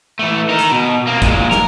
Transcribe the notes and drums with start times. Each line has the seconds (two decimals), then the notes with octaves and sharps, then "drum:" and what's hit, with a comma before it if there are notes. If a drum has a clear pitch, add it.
0.19 E3 A3
0.49 D#4 A#4
0.59 drum: hi-hat
0.72 B2
1.07 A#3 C4
1.22 A#2 G#3, drum: kick, hi-hat
1.51 A#4, drum: snare